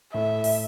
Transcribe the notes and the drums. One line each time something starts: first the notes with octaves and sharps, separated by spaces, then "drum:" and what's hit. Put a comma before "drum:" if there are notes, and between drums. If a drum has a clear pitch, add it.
A2 E5
drum: open hi-hat